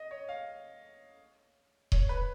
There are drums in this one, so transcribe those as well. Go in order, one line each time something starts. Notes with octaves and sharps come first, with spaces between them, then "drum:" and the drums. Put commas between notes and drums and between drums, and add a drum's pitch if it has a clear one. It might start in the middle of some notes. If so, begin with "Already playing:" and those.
Already playing: D#5
C#5
F5
C#5, drum: kick D#1
B4